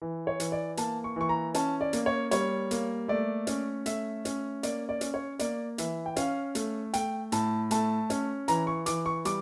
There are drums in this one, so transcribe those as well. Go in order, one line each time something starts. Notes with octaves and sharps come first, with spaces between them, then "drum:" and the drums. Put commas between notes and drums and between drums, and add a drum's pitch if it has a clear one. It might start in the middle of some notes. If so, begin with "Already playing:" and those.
E3
C#5
E3, drum: hi-hat
D5
A#3 A5, drum: hi-hat
C#6
E3 C#6
A#5
C#4 A5, drum: hi-hat
D5
A#3, drum: hi-hat
C#5
G3 C#5, drum: hi-hat
A#3, drum: hi-hat
A3 D5
C#4, drum: hi-hat
A3 E5, drum: hi-hat
C#4, drum: hi-hat
A#3 D5, drum: hi-hat
D5
C#4, drum: hi-hat
C#5
A#3 D5, drum: hi-hat
E3 E5, drum: hi-hat
G5
C#4 F5, drum: hi-hat
A3, drum: hi-hat
A3 G5, drum: hi-hat
A2 A5, drum: hi-hat
A3 A5, drum: hi-hat
C#4, drum: hi-hat
E3 A#5, drum: hi-hat
C#6
E3 D6, drum: hi-hat
C#6
G3 D6, drum: hi-hat